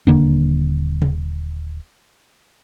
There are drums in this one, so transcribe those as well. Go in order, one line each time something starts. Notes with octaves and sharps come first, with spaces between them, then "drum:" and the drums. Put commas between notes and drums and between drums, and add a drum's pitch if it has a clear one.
D#1 D3 A#3 D4, drum: tom E2
drum: tom C3